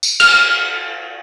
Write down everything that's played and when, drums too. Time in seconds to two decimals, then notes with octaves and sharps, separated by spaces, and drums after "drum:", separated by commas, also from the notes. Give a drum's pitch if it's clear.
0.03 drum: tambourine
0.20 F6, drum: cymbal